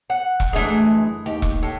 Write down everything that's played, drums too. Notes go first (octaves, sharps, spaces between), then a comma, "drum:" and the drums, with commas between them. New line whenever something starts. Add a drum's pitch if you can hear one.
F#5
drum: kick E1
F#2 E3 G#3 A3 D4
D#2 G4
drum: kick E1
A2